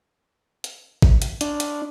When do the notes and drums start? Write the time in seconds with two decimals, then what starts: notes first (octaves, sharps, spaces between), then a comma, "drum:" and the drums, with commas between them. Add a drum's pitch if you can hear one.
0.64 drum: hi-hat
1.02 drum: kick A1
1.22 drum: hi-hat
1.41 D4, drum: hi-hat
1.60 drum: hi-hat